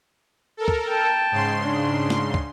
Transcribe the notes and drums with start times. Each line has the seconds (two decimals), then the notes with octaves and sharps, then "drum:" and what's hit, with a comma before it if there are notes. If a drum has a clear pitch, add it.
0.57 A4 A#4
0.68 drum: kick
0.88 G5 A5
1.32 G#2 C#3 C6
1.63 D4
2.10 drum: snare
2.34 drum: kick